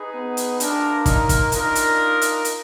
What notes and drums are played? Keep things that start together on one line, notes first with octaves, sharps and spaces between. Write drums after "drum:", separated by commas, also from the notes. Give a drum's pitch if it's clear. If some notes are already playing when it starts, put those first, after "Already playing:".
Already playing: D#4 G#4 B4
B3
drum: hi-hat
A#3 D4 F4 A#4, drum: hi-hat
D#4, drum: kick, hi-hat
drum: kick, hi-hat
D4 D#4 F4 A#4 D#5, drum: hi-hat
drum: hi-hat
drum: hi-hat
drum: hi-hat